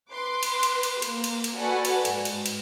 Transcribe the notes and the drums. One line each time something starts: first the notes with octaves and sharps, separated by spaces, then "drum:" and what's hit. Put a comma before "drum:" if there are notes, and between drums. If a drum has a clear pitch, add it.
B4 C6 D6
drum: cymbal
drum: cymbal
drum: cymbal
A#3, drum: cymbal
drum: cymbal
drum: cymbal
F#4 A4 B4 D5 F#5 G#5
drum: cymbal
G#2, drum: cymbal
drum: cymbal
drum: cymbal